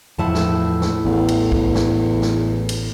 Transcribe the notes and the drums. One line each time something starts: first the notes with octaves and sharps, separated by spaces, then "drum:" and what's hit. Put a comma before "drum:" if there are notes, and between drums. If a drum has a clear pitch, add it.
E2 A2 F3 E4 A5
drum: snare
drum: snare
A1 E2
drum: cymbal
drum: kick
drum: snare
drum: snare
drum: cymbal